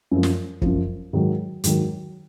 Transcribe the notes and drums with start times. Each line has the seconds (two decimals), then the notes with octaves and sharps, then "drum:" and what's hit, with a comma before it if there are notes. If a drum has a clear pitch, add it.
0.11 F#2 F3
0.23 drum: snare
0.62 F#2 F3, drum: kick
1.13 G#2 D#3 F#3
1.64 G#2 D#3 F#3, drum: hi-hat